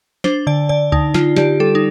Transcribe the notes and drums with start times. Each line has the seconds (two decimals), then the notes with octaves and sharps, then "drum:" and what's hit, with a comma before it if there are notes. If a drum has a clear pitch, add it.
0.24 D4 C5, drum: snare
0.47 D3 D5
0.69 D3 D5
0.92 D3 D#4, drum: kick C#2
1.14 D3 F4, drum: snare
1.36 D3 G4, drum: snare
1.60 G3 A4
1.75 D#4